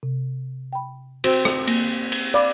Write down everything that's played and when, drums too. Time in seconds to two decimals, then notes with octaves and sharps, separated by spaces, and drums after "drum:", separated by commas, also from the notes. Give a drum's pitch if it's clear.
0.03 C3
0.73 G5 B5
1.24 C4 F#4, drum: cymbal
1.45 drum: rim click
1.67 A#3, drum: cymbal
2.12 drum: cymbal
2.34 D5 F5 B5 D6